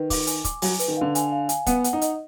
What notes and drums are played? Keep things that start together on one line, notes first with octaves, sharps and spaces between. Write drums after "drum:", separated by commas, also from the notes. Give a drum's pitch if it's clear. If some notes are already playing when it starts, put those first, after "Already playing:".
Already playing: D#3 B4
D6, drum: kick, open hi-hat
G#5, drum: hi-hat
D6, drum: kick, hi-hat
F#3 G#5, drum: open hi-hat
B4, drum: hi-hat
D#3
D3 F5
G#5, drum: hi-hat
F5
G#5, drum: hi-hat
B3 F#5, drum: kick, hi-hat
F#5, drum: hi-hat
D#4
D#5, drum: hi-hat